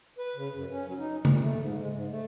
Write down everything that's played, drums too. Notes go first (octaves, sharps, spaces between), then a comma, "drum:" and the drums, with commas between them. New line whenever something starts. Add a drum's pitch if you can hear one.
B4
C#3
F#2
C#4
F#3
D#4
A#2, drum: tom C#3
A3
G#2
G#3
G#2
A3